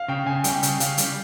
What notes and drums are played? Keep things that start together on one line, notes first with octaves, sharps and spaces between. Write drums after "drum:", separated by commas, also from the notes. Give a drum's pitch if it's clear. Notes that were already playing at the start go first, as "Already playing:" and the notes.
Already playing: F5
C#3 G5
C#3 G#5
G3 G5, drum: hi-hat
C#3, drum: hi-hat
C#3 F5, drum: hi-hat
G3, drum: hi-hat